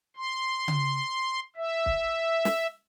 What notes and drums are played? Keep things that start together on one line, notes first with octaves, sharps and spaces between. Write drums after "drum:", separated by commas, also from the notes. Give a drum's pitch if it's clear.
C6
drum: tom C#3
E5
drum: kick
drum: snare